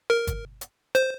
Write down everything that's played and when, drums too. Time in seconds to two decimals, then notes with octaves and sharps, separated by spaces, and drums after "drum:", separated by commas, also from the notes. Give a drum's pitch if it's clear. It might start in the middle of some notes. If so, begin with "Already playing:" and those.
0.10 A#4
0.27 drum: kick, hi-hat
0.61 drum: hi-hat
0.95 C5, drum: hi-hat